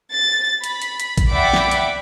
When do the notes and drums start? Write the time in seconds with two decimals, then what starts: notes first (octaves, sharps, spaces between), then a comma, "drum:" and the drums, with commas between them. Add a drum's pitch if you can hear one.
0.14 A6
0.64 B5, drum: hi-hat
0.82 drum: hi-hat
1.00 drum: hi-hat
1.18 drum: kick A#1, hi-hat
1.32 D5 E5 F#5 G5 B5 D6
1.53 drum: snare
1.71 drum: hi-hat